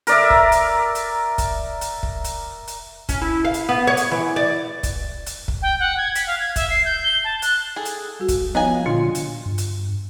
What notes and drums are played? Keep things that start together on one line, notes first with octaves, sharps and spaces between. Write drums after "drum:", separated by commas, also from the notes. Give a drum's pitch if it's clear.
A#4 D5 E5, drum: hi-hat
drum: kick
drum: hi-hat
drum: hi-hat
drum: kick, hi-hat
drum: hi-hat
drum: kick
drum: hi-hat
drum: hi-hat
C#4, drum: kick, hi-hat
E4
F5
drum: hi-hat
B3
C#5
drum: hi-hat
E3
D5
drum: kick, hi-hat
drum: hi-hat
drum: kick
G5
F#5
G#6
B6, drum: hi-hat
F5
G#6
E5, drum: kick, hi-hat
C7
G6
G7
A5
F#6, drum: hi-hat
G#4 A4
drum: hi-hat
G3 F#4
drum: kick, hi-hat
F3 B3 D#4 G#4 C#5 F5 G#5
A#2 D3 D4 F4
drum: hi-hat
G2
drum: hi-hat